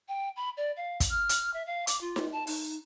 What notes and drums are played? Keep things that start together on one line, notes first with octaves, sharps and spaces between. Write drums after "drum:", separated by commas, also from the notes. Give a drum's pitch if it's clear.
G5
B5
D5
F5
drum: kick, hi-hat
F6
drum: hi-hat
E5
F5
D6, drum: hi-hat
F4
drum: snare D#4
A5
D#4, drum: open hi-hat